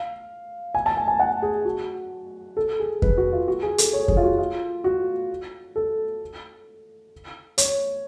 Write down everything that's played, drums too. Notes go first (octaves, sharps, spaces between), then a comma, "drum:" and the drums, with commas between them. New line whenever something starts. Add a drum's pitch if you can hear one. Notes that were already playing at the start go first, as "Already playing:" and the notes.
Already playing: F5
G#5
A5
G#5
G#5
F#5
G#4
F#4
A4
G#4
B4, drum: kick F2
F#4
F4
F#4
G#4
A4, drum: hi-hat
C#5
G#4, drum: kick F2
F4
F#4
F4
F#4
A4
C#5, drum: hi-hat